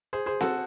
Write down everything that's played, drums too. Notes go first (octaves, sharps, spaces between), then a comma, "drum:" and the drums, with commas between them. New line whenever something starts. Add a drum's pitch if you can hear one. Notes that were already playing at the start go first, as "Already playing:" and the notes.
G#4 C5
G#4 C5
F#4 A4, drum: snare C4